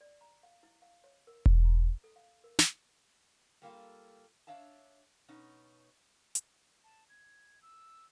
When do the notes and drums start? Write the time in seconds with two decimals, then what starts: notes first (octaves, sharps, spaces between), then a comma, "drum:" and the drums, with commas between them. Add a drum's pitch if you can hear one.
0.01 D5
0.21 A#5
0.43 F5
0.63 E4
0.82 F5
1.04 C#5
1.27 A#4
1.46 B5, drum: kick E1
1.64 A#5
2.04 A4
2.16 F5
2.44 A#4
2.59 drum: snare
3.62 G3 A#3 F4 A4
4.47 D4 C#5 E5 F5 A5
5.28 B2 C#4 D#4
6.35 drum: hi-hat
6.84 A5
7.09 G#6
7.62 E6